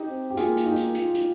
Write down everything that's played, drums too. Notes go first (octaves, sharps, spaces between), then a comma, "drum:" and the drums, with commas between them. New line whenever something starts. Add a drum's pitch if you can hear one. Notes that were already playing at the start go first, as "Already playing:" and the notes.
Already playing: D#4 G4
C4
G4
A#3 F4 G#4, drum: hi-hat
drum: hi-hat
D#4 G4
drum: hi-hat
F4, drum: hi-hat
drum: hi-hat